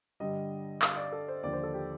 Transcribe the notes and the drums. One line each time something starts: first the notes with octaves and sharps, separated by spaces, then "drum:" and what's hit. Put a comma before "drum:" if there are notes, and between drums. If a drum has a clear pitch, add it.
G2 D3 G3 D#5
F5, drum: clap
D5
A4
C5
D#2 D3 F3 D5
C5
A4
G4